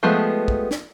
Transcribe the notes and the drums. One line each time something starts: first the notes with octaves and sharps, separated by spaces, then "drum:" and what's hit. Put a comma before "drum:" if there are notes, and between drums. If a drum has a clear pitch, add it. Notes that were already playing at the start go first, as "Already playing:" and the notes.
F3 G#3 A3 B3 G4
drum: kick
drum: snare